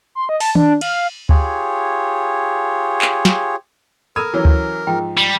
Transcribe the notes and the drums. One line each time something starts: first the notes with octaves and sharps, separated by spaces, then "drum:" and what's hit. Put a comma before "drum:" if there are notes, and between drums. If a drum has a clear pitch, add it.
C6
D#5
A5, drum: open hi-hat
D4, drum: tom D#3
F5, drum: cymbal
F4 G4 G#4 C#5, drum: kick D2
drum: clap
drum: snare
A4 A#4 B5 E6 G#6 D#7
E3 F#3 C#4
drum: kick D2
G#2 F3 G5
G3